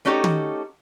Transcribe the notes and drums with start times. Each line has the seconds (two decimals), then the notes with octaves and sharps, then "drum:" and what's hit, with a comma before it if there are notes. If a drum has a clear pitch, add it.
0.05 A3 C#4 D#4 F#4 G4 A4
0.24 drum: tom